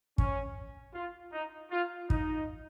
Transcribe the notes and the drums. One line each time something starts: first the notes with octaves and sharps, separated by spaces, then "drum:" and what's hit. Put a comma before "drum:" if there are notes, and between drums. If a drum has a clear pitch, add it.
C#4, drum: kick
F4
D#4
F4
D#4, drum: kick